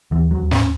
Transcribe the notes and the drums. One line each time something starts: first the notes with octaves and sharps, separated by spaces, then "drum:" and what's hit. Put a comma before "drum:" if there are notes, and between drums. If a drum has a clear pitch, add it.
D#2 E3
F#3
D#2
C#4, drum: snare